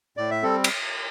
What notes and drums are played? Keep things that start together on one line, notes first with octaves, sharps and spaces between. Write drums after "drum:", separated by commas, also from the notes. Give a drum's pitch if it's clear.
A2 D5
E5
G3 C4 A4
drum: cymbal